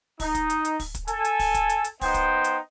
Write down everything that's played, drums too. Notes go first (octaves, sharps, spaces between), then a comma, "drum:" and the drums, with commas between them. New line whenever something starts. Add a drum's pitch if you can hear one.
D#4, drum: kick, open hi-hat
drum: kick, hi-hat
drum: hi-hat
drum: hi-hat
drum: kick, open hi-hat
drum: kick, hi-hat
A4 G#5, drum: hi-hat
drum: hi-hat
drum: kick, open hi-hat
drum: kick, hi-hat
drum: hi-hat
drum: hi-hat
B3 D#4 C5 G5, drum: kick, open hi-hat
drum: kick, hi-hat
drum: hi-hat